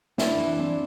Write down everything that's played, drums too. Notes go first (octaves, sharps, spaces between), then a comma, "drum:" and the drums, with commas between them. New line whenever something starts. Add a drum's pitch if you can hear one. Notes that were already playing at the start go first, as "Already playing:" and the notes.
D4 E4, drum: snare
E3
C4